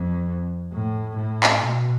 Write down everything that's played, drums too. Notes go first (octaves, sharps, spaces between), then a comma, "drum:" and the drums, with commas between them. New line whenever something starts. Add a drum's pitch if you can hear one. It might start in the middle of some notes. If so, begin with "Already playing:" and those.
Already playing: F2
A2
A2
drum: clap
B2